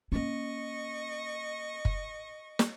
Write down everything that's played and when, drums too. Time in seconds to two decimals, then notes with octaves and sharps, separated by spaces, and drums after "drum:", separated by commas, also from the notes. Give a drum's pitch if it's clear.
0.12 A#3 C#4 D#5 C#6
1.85 drum: kick
2.59 drum: snare